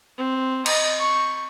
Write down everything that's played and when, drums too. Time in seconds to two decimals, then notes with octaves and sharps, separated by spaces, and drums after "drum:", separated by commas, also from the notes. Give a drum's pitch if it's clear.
0.18 C4
0.66 D#5, drum: cymbal
0.99 C#6